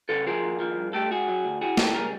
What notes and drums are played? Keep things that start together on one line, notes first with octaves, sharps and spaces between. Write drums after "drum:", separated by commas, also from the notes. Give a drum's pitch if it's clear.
C#3 A4 B4
F3 G#4 A#4
D#2
F3
G2
A3 G4 A4
G#2 F#4 G#4
F#3
D2
E3 F#4 G#4
C#2 G4 A4, drum: snare
G3 G#4 A#4